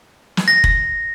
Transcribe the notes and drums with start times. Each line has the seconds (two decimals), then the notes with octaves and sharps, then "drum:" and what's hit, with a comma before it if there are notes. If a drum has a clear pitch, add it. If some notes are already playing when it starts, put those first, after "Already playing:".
0.37 drum: snare
0.48 A#6
0.64 drum: kick F1